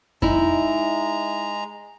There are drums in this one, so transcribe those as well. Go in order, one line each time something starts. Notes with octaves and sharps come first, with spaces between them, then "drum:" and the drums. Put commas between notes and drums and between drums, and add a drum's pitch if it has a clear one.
G#3 D#4 E4 A#5, drum: kick F2